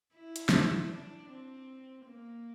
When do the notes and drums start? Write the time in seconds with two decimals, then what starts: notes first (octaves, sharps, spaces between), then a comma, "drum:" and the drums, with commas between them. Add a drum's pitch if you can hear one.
0.14 E4
0.36 drum: hi-hat
0.49 drum: snare
0.91 D4
1.29 C4
2.06 A#3